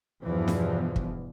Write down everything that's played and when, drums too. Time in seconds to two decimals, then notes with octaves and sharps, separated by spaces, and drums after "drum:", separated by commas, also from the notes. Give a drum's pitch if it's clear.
0.24 E2 G2 B2 E3 F3
0.48 drum: snare
0.96 drum: kick